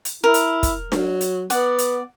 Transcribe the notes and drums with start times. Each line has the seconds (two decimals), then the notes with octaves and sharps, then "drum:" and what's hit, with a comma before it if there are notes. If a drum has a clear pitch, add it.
0.05 drum: hi-hat
0.24 E4 A#4
0.34 drum: hi-hat
0.63 drum: kick, hi-hat
0.92 F#3, drum: snare D4
1.21 drum: hi-hat
1.50 B3 D5 F#5, drum: hi-hat
1.78 drum: hi-hat